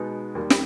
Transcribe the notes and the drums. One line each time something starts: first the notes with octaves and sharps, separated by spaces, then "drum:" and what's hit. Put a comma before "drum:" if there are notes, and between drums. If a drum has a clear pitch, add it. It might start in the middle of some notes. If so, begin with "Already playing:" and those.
Already playing: B2 G#3 B3 D#4
D#2 D#3 G3 A#3
drum: snare